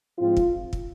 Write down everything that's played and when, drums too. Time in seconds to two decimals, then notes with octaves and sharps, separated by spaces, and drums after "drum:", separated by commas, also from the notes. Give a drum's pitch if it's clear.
0.18 G#2 F3 C4 F4
0.37 drum: kick
0.73 drum: kick